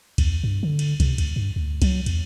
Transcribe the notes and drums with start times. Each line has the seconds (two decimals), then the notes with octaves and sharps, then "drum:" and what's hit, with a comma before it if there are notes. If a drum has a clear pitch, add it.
0.18 E2, drum: kick C2, cymbal
0.44 G2
0.63 D3
0.79 drum: cymbal
1.00 C3, drum: kick C2, cymbal
1.18 D2, drum: cymbal
1.36 G2
1.56 D2
1.82 F#3, drum: kick C2, cymbal
2.06 E2, drum: cymbal